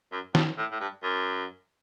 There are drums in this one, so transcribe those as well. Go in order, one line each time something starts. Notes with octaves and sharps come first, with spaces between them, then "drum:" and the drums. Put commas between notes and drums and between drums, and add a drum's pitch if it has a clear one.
F#2
G2, drum: snare
A2
A2
G2
F#2